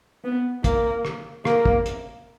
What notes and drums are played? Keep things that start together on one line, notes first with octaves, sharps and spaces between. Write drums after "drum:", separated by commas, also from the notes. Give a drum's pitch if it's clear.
B3
A#3, drum: kick, hi-hat
drum: rim click
A#3, drum: rim click
drum: kick
drum: hi-hat